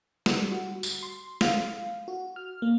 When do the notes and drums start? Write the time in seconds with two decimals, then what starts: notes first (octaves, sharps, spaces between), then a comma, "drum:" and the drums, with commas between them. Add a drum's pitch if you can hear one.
0.26 G3, drum: snare
0.52 F#4
0.83 drum: tambourine
1.03 C6
1.41 F5, drum: snare
2.08 F#4
2.36 F6
2.62 A#3